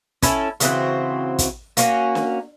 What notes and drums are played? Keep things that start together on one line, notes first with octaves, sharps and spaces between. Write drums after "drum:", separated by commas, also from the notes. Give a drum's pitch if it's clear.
C#4 E4 A4, drum: kick, hi-hat
C#3 E3 C4 F#4, drum: hi-hat
drum: kick, hi-hat
A#3 C#4 F#4, drum: hi-hat
drum: snare